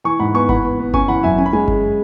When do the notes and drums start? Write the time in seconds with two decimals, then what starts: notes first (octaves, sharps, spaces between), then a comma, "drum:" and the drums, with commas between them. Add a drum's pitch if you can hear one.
0.04 E3 G#5 C#6
0.20 G#2 F#5 B5
0.34 B3 G#5 C#6
0.49 E3 F#5 B5, drum: kick G1
0.64 B3
0.79 B3
0.94 C#4 G#5 C#6, drum: kick G1
1.08 E3 F#5 B5
1.23 F#2 E5 G#5
1.38 C#4 G#5
1.46 B5
1.53 G#3 G#5
1.68 drum: kick G1